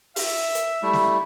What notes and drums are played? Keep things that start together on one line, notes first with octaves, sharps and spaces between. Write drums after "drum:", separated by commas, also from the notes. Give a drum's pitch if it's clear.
E5, drum: open hi-hat
drum: hi-hat
G3 A3 E4
drum: snare